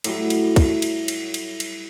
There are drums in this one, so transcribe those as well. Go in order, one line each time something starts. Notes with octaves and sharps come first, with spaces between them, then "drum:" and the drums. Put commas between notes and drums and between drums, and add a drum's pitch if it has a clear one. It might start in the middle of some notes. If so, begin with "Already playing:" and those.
A2 F#3 G3, drum: cymbal
drum: cymbal
drum: kick, cymbal
drum: cymbal
drum: cymbal
drum: cymbal
drum: cymbal